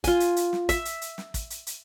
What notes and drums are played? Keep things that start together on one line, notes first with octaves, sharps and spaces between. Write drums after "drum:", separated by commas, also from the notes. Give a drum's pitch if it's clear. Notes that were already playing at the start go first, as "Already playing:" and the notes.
F4 G#5, drum: kick, hi-hat
drum: hi-hat
drum: hi-hat
drum: snare
E5, drum: kick, hi-hat
drum: hi-hat
drum: hi-hat
drum: snare
drum: kick, hi-hat
drum: hi-hat
drum: hi-hat